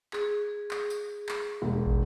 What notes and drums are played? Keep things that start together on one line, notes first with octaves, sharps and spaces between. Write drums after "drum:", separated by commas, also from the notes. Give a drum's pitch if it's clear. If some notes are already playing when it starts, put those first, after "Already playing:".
G#4, drum: clap
drum: clap
drum: tambourine
drum: clap
E1
drum: kick